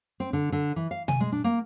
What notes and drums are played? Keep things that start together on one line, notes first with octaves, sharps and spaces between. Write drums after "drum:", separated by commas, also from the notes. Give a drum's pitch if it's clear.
C4
D3
D3
E3
F5
G#5, drum: tom B2
G#3
D4
A#3